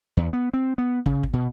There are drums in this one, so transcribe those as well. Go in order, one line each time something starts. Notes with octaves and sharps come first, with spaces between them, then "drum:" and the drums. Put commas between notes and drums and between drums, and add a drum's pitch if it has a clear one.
E2
B3
C4
B3
C#3, drum: kick
drum: kick
B2